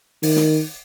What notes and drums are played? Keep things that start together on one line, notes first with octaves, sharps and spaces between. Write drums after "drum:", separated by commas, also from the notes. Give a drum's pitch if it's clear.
D#3, drum: open hi-hat
drum: snare